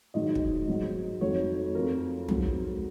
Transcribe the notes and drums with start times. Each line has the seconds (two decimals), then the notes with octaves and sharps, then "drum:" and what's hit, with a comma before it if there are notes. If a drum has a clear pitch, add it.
0.14 G#2 D#3 F#3 D#5
0.35 drum: kick
0.68 G#2 F#3
1.21 F2 D#3 F#3 C#5
1.75 F2 F3 A#4
2.29 G#2 F#3, drum: tom